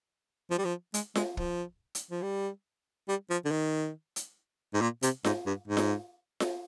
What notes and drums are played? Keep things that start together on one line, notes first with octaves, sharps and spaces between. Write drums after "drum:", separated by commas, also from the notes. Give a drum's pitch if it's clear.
F3
G3
F3
G#3, drum: hi-hat
G#3, drum: snare F4
F3, drum: kick
drum: hi-hat
F3
G3
G3
F3
D3
D#3
drum: hi-hat
G#2
A#2
C3, drum: hi-hat
G#2, drum: snare F4
G2
G#2
drum: snare F4
drum: snare F4